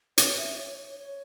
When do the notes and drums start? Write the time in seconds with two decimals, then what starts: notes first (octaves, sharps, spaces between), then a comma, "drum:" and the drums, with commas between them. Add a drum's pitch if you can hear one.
0.18 C#5, drum: hi-hat
0.38 E5
0.59 C#5
0.78 C#5
0.99 C#5